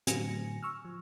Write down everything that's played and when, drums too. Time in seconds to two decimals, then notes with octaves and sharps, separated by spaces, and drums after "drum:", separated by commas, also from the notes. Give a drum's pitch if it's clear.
0.07 A2 D3 F#3 G#5 A#6 C#7, drum: hi-hat
0.63 C#6 E6 F6
0.85 F3